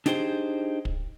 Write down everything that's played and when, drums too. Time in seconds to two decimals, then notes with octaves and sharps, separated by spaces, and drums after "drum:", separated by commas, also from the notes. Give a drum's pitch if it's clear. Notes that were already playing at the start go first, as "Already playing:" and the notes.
0.06 D4 D#4 G4 G#4 C5, drum: snare
0.85 drum: kick